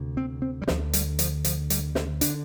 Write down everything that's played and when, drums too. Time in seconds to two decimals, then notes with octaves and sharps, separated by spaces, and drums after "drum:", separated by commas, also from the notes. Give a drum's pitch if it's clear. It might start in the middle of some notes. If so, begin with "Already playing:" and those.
Already playing: D2 C3
0.17 C4
0.42 C4
0.62 G3
0.68 D2 D3 F3, drum: snare
0.93 G3, drum: hi-hat
1.19 F3, drum: hi-hat
1.45 F3, drum: hi-hat
1.70 G3, drum: hi-hat
1.95 D3, drum: snare
2.21 D3 D4, drum: hi-hat